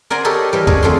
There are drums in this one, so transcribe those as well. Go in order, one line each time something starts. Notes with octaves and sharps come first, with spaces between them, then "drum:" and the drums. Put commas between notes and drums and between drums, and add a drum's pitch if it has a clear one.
A#4 D5 F#5 G#5 A#5 C6
G4 A4 A#4 C#5 D#5
E3 G3
D4 G#4 A#4 C#5 D#5, drum: kick
F2 A3 G#4 F#5 C6